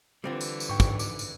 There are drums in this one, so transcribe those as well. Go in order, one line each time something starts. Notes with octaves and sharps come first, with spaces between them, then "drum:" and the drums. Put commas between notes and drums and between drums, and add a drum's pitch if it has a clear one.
D3 E3 G3 C4 F4
drum: tambourine
drum: tambourine
G#2 G5 C#6
drum: kick, tambourine
D6, drum: tambourine
drum: tambourine